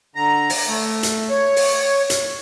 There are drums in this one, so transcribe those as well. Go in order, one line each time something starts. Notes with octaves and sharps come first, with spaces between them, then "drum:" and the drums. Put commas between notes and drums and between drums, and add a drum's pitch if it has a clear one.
D3 A#5
drum: open hi-hat
A3
drum: hi-hat
C#5
drum: open hi-hat
drum: hi-hat